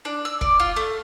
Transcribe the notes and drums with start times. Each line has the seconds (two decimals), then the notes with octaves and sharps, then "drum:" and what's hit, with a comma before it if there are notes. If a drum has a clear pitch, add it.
0.05 D4
0.25 E6
0.41 D5, drum: kick
0.60 F4
0.76 A3